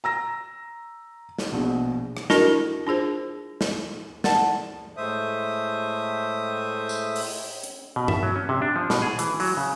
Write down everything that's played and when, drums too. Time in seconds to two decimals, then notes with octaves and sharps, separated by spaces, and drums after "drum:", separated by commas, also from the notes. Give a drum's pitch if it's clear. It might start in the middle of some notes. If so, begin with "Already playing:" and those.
0.04 A#5 E6 A#6
1.38 drum: snare
1.51 A#1 B2
2.17 drum: rim click
2.30 D4 E4 F#4 A#4 D#5, drum: snare
2.87 D4 F4 G#4 C5
3.61 drum: snare
4.24 D5 F#5 A5, drum: snare
4.97 A2 G#3 A3 C5 E5 D#6
6.89 drum: tambourine
7.16 drum: open hi-hat
7.64 drum: hi-hat
7.96 B2
8.08 E5, drum: tom G2
8.23 F#3
8.36 C#4
8.49 C3
8.62 D4
8.76 F3
8.90 B2, drum: snare
9.02 G#4
9.19 E3, drum: hi-hat
9.40 F#3, drum: open hi-hat
9.57 C#3